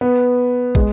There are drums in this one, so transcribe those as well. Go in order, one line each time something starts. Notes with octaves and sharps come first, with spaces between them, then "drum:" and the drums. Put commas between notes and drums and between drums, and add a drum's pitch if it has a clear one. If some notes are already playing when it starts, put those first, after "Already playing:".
B3
G#3, drum: kick